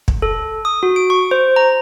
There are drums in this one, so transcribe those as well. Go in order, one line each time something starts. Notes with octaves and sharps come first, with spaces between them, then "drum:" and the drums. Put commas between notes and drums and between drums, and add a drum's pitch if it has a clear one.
drum: kick
A4
D#6
F#4
D7
C#6
C5
A#5